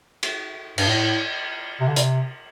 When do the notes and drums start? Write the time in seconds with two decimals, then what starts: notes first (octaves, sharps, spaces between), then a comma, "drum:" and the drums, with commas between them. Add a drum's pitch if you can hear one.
0.23 drum: cymbal
0.78 G2, drum: cymbal
0.87 A2
1.80 C3
1.88 D3
1.96 C3, drum: hi-hat